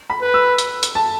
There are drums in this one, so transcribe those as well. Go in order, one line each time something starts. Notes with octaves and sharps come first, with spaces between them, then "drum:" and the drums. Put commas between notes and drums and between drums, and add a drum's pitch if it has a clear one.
B5
B4
E6
drum: hi-hat
drum: hi-hat
A5